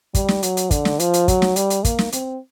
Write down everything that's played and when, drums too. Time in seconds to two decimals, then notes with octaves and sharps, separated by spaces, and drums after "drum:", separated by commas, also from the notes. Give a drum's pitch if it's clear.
0.15 G3, drum: kick, hi-hat
0.28 drum: snare
0.43 F#3, drum: hi-hat
0.57 drum: hi-hat
0.71 D3, drum: kick, hi-hat
0.85 drum: snare
0.99 F3, drum: hi-hat
1.14 drum: hi-hat
1.28 F#3, drum: kick, hi-hat
1.42 drum: snare
1.56 G3, drum: hi-hat
1.70 drum: hi-hat
1.85 A#3, drum: kick, hi-hat
1.99 drum: snare
2.12 C4, drum: hi-hat